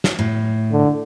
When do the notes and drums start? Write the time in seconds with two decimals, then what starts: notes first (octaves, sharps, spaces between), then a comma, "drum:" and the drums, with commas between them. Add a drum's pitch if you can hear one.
0.04 drum: snare
0.19 A2
0.71 D3